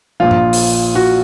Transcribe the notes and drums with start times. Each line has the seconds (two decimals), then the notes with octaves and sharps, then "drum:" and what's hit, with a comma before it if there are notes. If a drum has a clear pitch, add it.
0.20 A#1 A#2 F3 F4
0.31 drum: tom G2
0.53 drum: open hi-hat
0.95 F#4